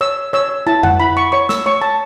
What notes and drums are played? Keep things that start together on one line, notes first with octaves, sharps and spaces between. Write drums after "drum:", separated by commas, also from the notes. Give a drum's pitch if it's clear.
C#5 E6
C#5 E6
E4 A5
F#5, drum: tom F2
E4 B5
C#6
C#5 C#6
E6, drum: snare
C#5 C#6
A5